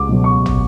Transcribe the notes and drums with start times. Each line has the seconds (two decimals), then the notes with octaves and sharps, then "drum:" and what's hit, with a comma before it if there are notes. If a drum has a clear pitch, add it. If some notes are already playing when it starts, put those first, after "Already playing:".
Already playing: C#2 D6
0.09 B2 F#3
0.24 C#6
0.46 drum: tom